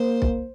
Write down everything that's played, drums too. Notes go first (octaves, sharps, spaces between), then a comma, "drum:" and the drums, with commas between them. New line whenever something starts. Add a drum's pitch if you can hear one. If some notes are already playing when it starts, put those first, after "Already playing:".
Already playing: A#3 C5
drum: kick B1